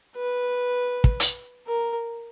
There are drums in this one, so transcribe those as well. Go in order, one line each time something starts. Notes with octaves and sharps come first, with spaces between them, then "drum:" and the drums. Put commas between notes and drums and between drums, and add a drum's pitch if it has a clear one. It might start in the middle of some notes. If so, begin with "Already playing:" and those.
B4
drum: kick
drum: hi-hat
A#4